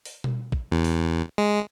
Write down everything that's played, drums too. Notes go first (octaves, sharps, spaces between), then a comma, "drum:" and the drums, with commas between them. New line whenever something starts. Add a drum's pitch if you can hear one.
drum: open hi-hat
drum: tom B2
drum: kick
E2
drum: open hi-hat
G#3